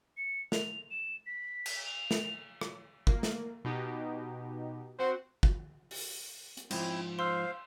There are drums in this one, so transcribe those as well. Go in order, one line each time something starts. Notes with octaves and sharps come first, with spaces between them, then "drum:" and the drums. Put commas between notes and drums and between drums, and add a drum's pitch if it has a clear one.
C#7
F7, drum: snare
E7
B6
drum: cymbal
F7
drum: snare
drum: rim click
A#3, drum: kick
drum: snare
B2 D#4 G4
C4 F#4 C5
drum: kick
drum: open hi-hat
drum: hi-hat
G#2 F3 C4 E4, drum: cymbal
C5 F5 C6 E6